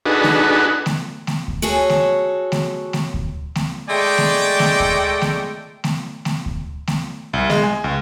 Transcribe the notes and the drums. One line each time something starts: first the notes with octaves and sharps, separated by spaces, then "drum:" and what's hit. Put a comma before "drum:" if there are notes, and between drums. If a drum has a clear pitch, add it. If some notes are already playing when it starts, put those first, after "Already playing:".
D4 D#4 F#4 G#4 A4 B4
drum: snare A3
drum: snare A3
drum: snare A3
drum: kick D2
F#4 G#4 A4 C#5
drum: snare A3
drum: snare A3
drum: snare A3
drum: kick D2
drum: snare A3
G#3 A3 D5 G5
drum: snare A3
drum: snare A3
drum: kick D2
drum: snare A3
drum: snare A3
drum: snare A3
drum: kick D2
drum: snare A3
C2
G#3, drum: snare A3
G#5
C#2